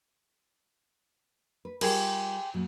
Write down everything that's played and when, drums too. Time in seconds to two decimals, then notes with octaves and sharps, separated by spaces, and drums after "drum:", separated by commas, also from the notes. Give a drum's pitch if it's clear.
1.65 B4
1.81 G3 F4 G4 G#4 A#4 C5, drum: cymbal
2.54 F#2 A#2 F#3